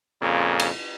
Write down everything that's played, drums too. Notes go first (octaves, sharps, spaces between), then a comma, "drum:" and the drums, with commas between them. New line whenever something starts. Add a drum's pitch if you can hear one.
F2 A#2 C#3
drum: cymbal